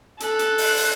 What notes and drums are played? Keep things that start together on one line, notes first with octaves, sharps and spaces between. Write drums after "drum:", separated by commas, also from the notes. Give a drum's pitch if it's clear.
A4 F#6, drum: hi-hat
drum: hi-hat
drum: open hi-hat
drum: open hi-hat